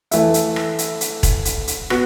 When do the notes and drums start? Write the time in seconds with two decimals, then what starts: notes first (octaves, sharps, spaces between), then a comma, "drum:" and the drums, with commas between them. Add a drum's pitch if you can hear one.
0.11 E3 A3 E4, drum: hi-hat
0.34 drum: hi-hat
0.56 drum: rim click
0.78 drum: hi-hat
1.01 drum: hi-hat
1.23 drum: kick E1, hi-hat
1.45 drum: hi-hat
1.68 drum: hi-hat
1.90 B3 F#4, drum: rim click